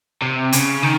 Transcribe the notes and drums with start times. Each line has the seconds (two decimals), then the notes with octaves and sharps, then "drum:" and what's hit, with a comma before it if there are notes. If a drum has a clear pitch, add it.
0.22 C3
0.52 C#3, drum: hi-hat
0.83 D#3